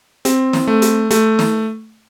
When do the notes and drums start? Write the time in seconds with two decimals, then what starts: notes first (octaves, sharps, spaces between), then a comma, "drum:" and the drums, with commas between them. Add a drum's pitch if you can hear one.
0.25 C4, drum: hi-hat
0.53 drum: snare
0.67 A3
0.82 drum: hi-hat
1.11 A3, drum: hi-hat
1.39 drum: snare